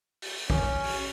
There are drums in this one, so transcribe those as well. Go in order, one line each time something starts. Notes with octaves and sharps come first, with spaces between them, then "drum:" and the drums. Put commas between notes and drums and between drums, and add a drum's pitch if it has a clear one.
drum: open hi-hat
C#4, drum: kick
drum: open hi-hat